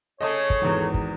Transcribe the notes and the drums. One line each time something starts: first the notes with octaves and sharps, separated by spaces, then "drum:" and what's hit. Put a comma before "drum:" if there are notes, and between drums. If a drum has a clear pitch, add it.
C#3 A3 C#5 D#5 D#6
drum: kick
G#1 E2
drum: kick